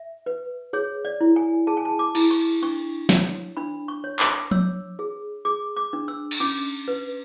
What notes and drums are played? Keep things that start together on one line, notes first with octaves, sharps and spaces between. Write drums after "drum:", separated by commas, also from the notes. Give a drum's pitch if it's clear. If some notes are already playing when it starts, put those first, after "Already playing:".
Already playing: E5
B4
G#4 C#5
D5
E4
G#5
G#4 A5
G#5
A5
D6
E4, drum: cymbal
C#6
D4 C#6
C#5, drum: snare
D4 B5
C#6
C#5
D6, drum: clap
C#5 E6, drum: tom F3
G#4
G#4 D6
D6
D4
E6
drum: cymbal
C#4 D6
B4